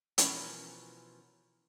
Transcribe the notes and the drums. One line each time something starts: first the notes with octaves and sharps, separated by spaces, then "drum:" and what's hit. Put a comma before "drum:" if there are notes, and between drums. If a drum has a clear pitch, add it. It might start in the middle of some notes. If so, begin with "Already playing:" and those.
B2 E3 F3 C#4 A#4, drum: hi-hat